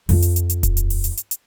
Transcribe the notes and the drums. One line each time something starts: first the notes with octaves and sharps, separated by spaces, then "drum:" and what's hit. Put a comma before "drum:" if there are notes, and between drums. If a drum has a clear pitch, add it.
F2 F4, drum: open hi-hat
drum: hi-hat
drum: hi-hat
drum: hi-hat
drum: kick D#1, hi-hat
drum: hi-hat
drum: open hi-hat
drum: hi-hat
drum: hi-hat
drum: hi-hat